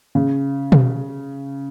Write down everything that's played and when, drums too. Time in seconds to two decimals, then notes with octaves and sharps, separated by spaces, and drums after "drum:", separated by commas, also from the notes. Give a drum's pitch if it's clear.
0.15 C#3
0.72 drum: tom B2